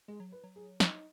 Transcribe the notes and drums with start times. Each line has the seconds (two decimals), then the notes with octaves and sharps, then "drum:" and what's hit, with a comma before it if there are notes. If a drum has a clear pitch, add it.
0.08 G#3 G#4
0.20 F#3
0.32 B4
0.44 F#3
0.56 G#4
0.80 D#4, drum: snare